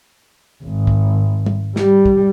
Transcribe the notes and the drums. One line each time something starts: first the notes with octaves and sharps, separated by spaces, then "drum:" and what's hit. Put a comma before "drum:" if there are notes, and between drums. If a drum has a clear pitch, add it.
G#1
drum: kick
drum: tom
G3, drum: snare
drum: kick